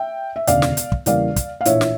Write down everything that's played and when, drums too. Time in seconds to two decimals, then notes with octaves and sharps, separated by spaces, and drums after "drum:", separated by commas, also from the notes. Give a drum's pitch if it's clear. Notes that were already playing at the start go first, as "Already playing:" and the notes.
Already playing: E5 G5
0.36 E5
0.47 E1 D2 C#3 D5 F5, drum: hi-hat
0.62 drum: snare
0.77 drum: hi-hat
0.92 drum: kick
1.06 E2 C#3 G3 A#3 D5 F5, drum: hi-hat
1.36 drum: kick, hi-hat
1.61 F5
1.65 A#1 A2 E3 C#5 E5, drum: hi-hat
1.81 drum: snare